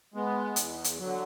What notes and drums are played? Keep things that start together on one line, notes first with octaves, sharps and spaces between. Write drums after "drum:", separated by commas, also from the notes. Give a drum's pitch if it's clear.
G#3 B3
E2, drum: hi-hat
drum: hi-hat
D3 F#3